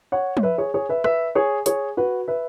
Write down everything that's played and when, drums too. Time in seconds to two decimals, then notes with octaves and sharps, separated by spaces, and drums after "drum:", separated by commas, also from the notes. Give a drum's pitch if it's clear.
0.12 C#5 F#5
0.37 C#5, drum: tom
0.43 B4 E5
0.58 G#4 C#5
0.74 G#4 C#5
0.89 B4 E5
1.04 B4 E5, drum: rim click
1.35 G#4 C#5
1.66 G#4 C#5, drum: hi-hat
1.97 F#4 B4
2.28 B4 E5